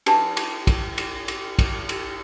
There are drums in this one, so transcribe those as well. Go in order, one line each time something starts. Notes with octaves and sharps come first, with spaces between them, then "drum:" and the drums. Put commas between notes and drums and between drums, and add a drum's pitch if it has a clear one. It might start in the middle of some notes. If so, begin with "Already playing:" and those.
D4 G4 B4 G5 A5 C#6, drum: cymbal
drum: cymbal
drum: kick, cymbal
drum: cymbal
drum: cymbal
drum: kick, cymbal
drum: cymbal